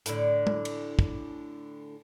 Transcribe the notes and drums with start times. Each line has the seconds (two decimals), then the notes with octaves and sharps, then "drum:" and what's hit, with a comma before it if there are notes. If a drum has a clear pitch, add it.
0.06 A2 D3, drum: hi-hat
0.47 drum: tom
0.65 drum: cymbal
0.99 drum: kick